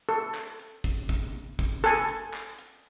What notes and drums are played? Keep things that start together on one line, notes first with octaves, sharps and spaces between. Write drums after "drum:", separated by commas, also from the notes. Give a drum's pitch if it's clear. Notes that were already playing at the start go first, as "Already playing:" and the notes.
A4
drum: clap
drum: hi-hat
drum: kick, hi-hat
drum: kick, hi-hat
drum: kick, hi-hat
A4 G#5, drum: hi-hat
drum: hi-hat
drum: clap
drum: hi-hat